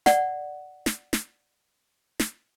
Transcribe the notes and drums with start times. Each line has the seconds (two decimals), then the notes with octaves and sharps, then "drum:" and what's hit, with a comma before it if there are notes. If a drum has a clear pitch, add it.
0.06 D5 F#5, drum: snare
0.86 drum: snare
1.13 drum: snare
2.20 drum: snare